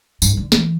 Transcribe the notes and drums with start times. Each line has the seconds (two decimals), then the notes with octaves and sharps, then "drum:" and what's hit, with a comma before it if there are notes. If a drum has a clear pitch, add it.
0.22 G2, drum: tambourine
0.37 D3
0.52 E3, drum: snare